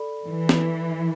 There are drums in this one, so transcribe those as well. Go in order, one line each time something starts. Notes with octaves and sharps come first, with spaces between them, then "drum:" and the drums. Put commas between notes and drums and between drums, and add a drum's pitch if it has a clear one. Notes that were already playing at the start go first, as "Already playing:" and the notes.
Already playing: A4 D5 B5
E3
drum: snare